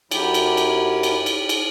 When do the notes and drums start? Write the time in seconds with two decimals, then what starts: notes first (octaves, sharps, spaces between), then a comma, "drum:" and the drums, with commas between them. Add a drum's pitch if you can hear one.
0.11 F#2 F#3 E4 G4, drum: cymbal
0.34 drum: cymbal
0.57 drum: cymbal
1.03 drum: cymbal
1.26 drum: cymbal
1.49 drum: cymbal